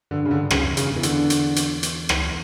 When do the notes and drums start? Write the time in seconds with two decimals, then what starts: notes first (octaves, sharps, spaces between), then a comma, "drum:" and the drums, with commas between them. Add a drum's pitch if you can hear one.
0.11 G2 D3
0.25 C#3
0.31 G2 D3
0.50 F#2 C#3, drum: rim click
0.65 E2
0.77 C#3, drum: hi-hat
0.92 E2 E3
1.03 D3, drum: hi-hat
1.30 drum: hi-hat
1.56 drum: hi-hat
1.83 drum: hi-hat
2.09 drum: rim click